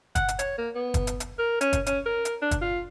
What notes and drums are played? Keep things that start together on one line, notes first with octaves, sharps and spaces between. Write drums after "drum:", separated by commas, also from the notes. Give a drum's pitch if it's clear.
F#5, drum: kick, hi-hat
drum: hi-hat
C#5, drum: hi-hat
A#3
B3
drum: kick, hi-hat
drum: hi-hat
drum: hi-hat
A#4
C#4, drum: hi-hat
drum: kick, hi-hat
C#4, drum: hi-hat
A#4
drum: hi-hat
D4
drum: kick, hi-hat
F4